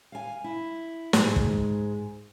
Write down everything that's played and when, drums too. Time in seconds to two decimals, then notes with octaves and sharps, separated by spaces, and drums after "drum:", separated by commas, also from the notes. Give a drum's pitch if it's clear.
0.12 F5 G#5
0.44 E4
1.13 G#2 G#3, drum: snare
1.36 drum: kick